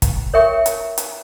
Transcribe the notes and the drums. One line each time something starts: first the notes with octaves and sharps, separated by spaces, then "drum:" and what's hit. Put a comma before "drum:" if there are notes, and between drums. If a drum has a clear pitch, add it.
drum: kick, hi-hat
A#4 C#5 E5 G5 C#6
drum: hi-hat
drum: hi-hat